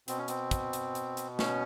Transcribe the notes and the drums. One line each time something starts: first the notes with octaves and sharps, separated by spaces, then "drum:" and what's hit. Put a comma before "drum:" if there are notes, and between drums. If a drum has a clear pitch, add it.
B2 C4, drum: hi-hat
C#4
C4, drum: hi-hat
drum: kick, hi-hat
drum: hi-hat
drum: hi-hat
drum: hi-hat
C#4, drum: snare